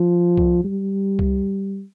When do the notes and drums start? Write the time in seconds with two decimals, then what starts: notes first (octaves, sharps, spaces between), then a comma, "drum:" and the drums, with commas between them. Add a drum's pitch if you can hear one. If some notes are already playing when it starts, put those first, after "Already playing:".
Already playing: F3
0.37 drum: kick C2
0.64 G3
1.19 drum: kick C2